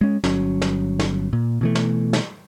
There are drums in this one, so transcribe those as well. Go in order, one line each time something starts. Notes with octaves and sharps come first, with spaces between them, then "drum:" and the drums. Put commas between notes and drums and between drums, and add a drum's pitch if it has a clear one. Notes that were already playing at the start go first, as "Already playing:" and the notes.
G#3 C#4
G1 F#3 C#4, drum: snare
drum: snare
drum: snare
A#2
B2 E3 A3
drum: snare
drum: snare